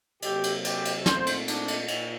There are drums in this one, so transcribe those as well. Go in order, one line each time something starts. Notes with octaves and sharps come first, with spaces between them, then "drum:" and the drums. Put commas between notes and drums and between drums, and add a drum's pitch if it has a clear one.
C3 F#3 A#3 G4, drum: cymbal
drum: cymbal
G4, drum: cymbal
drum: cymbal
A#2 A3 C4 C5, drum: snare
drum: cymbal
D4, drum: cymbal
drum: cymbal
A#2, drum: cymbal